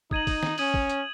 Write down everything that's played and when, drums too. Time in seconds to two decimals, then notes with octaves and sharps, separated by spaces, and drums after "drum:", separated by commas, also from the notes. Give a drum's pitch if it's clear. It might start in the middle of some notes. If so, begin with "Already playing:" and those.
0.11 D#4 D#6 G#6 D#7 F#7, drum: kick
0.27 drum: kick, open hi-hat
0.43 drum: snare
0.58 C#4 D#6 G#6 D#7 F#7, drum: open hi-hat
0.74 drum: kick
0.90 drum: hi-hat